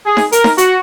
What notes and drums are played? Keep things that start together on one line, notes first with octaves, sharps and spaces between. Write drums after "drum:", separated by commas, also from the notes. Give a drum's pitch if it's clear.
G#4
drum: snare D#4
A#4, drum: hi-hat
drum: snare D#4
F#4, drum: hi-hat